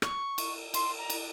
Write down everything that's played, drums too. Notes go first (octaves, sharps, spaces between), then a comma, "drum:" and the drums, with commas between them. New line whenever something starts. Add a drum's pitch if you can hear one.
C#6, drum: rim click
drum: cymbal
C6, drum: cymbal
A#5
drum: cymbal